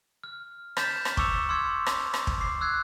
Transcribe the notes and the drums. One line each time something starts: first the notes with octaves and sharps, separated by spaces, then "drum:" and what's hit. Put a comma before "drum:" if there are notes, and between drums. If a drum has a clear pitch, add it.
F6
F6 G6 A6 B6 E7, drum: rim click
drum: rim click
C#6 D6 E6 C#7 E7 F7, drum: kick
C6 D6 E6 F6 G#6 C#7
drum: rim click
drum: rim click
drum: kick
D6 C7
E6 F#6 G#6 C7